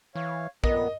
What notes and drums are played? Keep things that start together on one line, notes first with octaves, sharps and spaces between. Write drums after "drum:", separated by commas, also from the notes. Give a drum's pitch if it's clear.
E3 C#5 F5
F2 A#2 B3 A#4 D#5, drum: kick